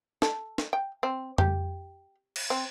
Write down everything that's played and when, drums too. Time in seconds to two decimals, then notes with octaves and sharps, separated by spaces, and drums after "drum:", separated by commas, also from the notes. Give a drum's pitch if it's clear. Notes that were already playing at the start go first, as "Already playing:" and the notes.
0.22 A4, drum: snare
0.58 drum: snare
0.73 G5
1.03 C4
1.38 G4, drum: tom F2
2.36 drum: cymbal
2.50 C4